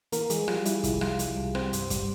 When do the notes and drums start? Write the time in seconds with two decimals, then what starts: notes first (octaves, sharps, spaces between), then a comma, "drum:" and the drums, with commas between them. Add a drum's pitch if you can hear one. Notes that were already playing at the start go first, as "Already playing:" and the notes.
0.12 E3 A#3 A#4, drum: hi-hat
0.30 E3 G#3 G#4, drum: hi-hat
0.48 F3 G3 F4, drum: rim click
0.65 G3 E4, drum: hi-hat
0.84 C2 E4, drum: kick, hi-hat
1.01 F3 G3 F4, drum: rim click
1.19 G3, drum: hi-hat
1.37 C2
1.55 G3 C4 C5, drum: rim click
1.73 G2, drum: hi-hat
1.90 G3, drum: kick, hi-hat